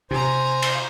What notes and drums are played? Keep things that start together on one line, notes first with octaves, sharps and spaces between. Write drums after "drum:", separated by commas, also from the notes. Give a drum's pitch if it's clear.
C3 C5 G#5 A#5
drum: cymbal